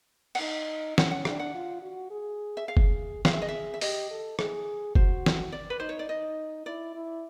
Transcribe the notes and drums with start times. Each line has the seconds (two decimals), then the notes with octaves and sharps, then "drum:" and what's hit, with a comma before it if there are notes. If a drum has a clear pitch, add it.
0.35 F#5, drum: cymbal
0.41 D#4 F5
0.98 C#4 F#5, drum: snare
1.11 F#5
1.25 D4 G5, drum: rim click
1.39 F#5
1.55 F4
1.82 F#4
2.11 G#4
2.57 E5
2.67 G#4 F5
2.77 drum: kick F#1
3.25 G#4 F5, drum: snare
3.33 E5
3.42 D#5
3.48 E5
3.74 E5
3.81 G4 D#5, drum: open hi-hat
4.11 A4
4.39 G#4, drum: rim click
4.95 F#4 C5, drum: kick F#1
5.26 drum: snare
5.52 D5
5.70 B4
5.80 D#4 C5
5.89 C#5
5.99 D5
6.09 D#4 D#5
6.66 E4 D5
6.95 E4